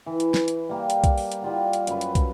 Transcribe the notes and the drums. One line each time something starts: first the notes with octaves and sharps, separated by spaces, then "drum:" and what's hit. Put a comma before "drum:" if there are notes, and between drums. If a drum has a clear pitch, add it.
E3
drum: hi-hat
drum: snare
drum: hi-hat
G3 A#3 G4
drum: hi-hat
drum: kick, hi-hat
drum: open hi-hat
drum: hi-hat
G3 F4 F#5
drum: hi-hat
F#2 B4, drum: hi-hat
drum: hi-hat
drum: kick, hi-hat